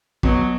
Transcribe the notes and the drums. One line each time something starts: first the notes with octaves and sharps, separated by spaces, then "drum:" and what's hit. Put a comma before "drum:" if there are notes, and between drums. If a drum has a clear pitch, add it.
B2 F#3, drum: kick